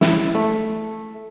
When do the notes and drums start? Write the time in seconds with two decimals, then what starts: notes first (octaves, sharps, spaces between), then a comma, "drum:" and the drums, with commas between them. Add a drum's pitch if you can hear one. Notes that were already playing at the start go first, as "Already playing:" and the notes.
0.01 E4, drum: snare
0.35 A3